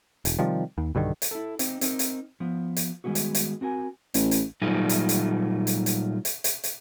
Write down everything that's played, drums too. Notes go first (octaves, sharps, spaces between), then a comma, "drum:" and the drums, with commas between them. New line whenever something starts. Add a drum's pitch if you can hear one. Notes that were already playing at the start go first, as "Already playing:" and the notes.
E1, drum: hi-hat
C3 D#3 F3 G3
D#2
B1 G2 D3 D#3
drum: hi-hat
E4 A4
C4 D#4 G4, drum: hi-hat
C4 D#4 A#4, drum: hi-hat
drum: hi-hat
F3 B3
drum: hi-hat
D#3 G3 G#3 B3 F#4
drum: hi-hat
drum: hi-hat
C4 F#4 A#4 G#5
A1, drum: hi-hat
drum: hi-hat
A#2 F#3 G3 A3 D#4 F4
drum: hi-hat
drum: hi-hat
drum: hi-hat
drum: hi-hat
drum: hi-hat
drum: hi-hat
drum: hi-hat